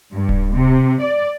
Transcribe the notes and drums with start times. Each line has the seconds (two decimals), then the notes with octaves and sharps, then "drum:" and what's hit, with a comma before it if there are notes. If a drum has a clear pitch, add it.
0.14 G2
0.29 drum: kick D1
0.55 C3
1.02 D5